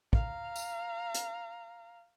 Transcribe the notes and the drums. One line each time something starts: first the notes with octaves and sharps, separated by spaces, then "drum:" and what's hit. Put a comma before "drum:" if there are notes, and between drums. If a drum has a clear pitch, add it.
F5 A#5, drum: kick
drum: tambourine
drum: hi-hat